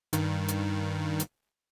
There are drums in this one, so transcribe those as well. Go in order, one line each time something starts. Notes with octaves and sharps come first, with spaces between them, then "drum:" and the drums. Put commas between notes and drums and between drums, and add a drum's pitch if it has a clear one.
G2 D#3, drum: hi-hat
drum: hi-hat
drum: hi-hat